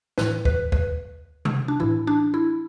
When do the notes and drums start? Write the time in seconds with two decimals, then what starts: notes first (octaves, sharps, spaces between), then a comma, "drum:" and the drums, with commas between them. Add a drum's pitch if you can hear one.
0.18 A2 E3 B4, drum: snare
0.45 B4, drum: kick
0.72 B4, drum: kick
1.45 drum: tom C3
1.68 D4
1.80 A2 E3 E4
2.07 D4
2.34 E4